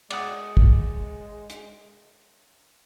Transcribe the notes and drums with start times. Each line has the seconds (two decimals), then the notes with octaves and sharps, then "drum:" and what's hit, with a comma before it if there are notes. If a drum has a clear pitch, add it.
0.10 G#3 D5 F#5 D#6, drum: cymbal
0.57 drum: kick
1.50 drum: hi-hat